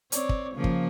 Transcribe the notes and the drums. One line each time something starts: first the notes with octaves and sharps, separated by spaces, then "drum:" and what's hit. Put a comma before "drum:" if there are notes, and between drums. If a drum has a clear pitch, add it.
C4 C#5 D5, drum: hi-hat
drum: kick
C#3 F3 A#3
drum: kick